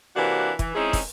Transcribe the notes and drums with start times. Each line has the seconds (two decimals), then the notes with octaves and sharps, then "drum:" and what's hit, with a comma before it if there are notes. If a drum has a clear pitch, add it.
0.16 C3 E3 A#3 D4 F#4
0.59 E3, drum: kick, hi-hat
0.75 G#3 C4 C#4 D#4 E4 G#4
0.93 drum: kick, open hi-hat